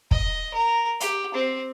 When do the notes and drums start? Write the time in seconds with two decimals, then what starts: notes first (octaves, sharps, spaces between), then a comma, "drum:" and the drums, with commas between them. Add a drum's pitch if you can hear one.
0.11 D#5, drum: kick
0.54 A#4
1.00 G4, drum: hi-hat
1.35 C4